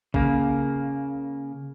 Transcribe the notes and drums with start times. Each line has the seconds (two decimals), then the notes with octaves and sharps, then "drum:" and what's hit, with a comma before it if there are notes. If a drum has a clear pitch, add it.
0.14 C#3 A#3, drum: kick